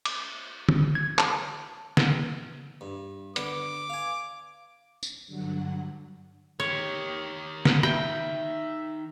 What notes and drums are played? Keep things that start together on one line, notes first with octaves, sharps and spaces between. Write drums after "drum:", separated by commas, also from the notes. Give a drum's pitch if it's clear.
D6, drum: cymbal
drum: tom
G#6
A5, drum: clap
drum: snare
G2
D3 B3 D6, drum: hi-hat
F5 G#5
drum: tambourine
G2 D3 F#3 F#5
D#3 G4 C#5
drum: snare
E5 G5, drum: rim click